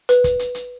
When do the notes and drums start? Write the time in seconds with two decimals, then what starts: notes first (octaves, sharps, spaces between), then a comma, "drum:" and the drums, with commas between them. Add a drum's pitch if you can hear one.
0.09 B4, drum: hi-hat
0.24 drum: kick, hi-hat
0.39 drum: hi-hat
0.55 drum: hi-hat